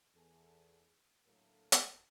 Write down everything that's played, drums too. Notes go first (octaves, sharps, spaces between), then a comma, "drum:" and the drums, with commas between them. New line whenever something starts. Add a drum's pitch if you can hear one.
E2 G#4 A4
A2 D3 F#3 A3 A#3 A#4
drum: hi-hat